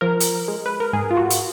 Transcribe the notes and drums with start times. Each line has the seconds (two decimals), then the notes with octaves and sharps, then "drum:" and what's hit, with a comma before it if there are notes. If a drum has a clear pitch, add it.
0.01 F3 A#4
0.20 drum: hi-hat
0.48 G#3
0.66 B4
0.80 A#4
0.93 G#2 G#4
1.11 F4
1.17 F#4
1.30 drum: hi-hat